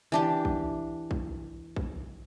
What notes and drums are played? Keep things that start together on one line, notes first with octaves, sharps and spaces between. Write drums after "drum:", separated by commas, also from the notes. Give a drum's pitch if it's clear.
E3 D4 G4
drum: kick A#1
drum: kick A#1
drum: kick A#1